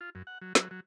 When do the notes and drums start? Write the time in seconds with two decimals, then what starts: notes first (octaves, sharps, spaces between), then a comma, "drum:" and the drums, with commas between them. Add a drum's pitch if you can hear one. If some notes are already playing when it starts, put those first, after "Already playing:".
0.01 F4
0.15 F#2
0.27 F#5
0.41 F#3
0.55 F#3, drum: snare
0.71 F#3